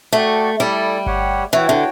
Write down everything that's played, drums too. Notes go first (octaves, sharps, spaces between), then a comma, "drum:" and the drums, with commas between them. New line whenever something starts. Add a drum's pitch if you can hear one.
A3 F#4 A4 D5 G5
G3 E4 A4 D5
G4 C#5 F#5, drum: kick G1
E3 F#4 C#5 G5
D3